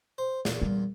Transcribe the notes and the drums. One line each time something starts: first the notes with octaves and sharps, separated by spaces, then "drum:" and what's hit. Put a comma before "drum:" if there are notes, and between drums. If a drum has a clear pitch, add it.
C5
E2 A#2, drum: snare
G3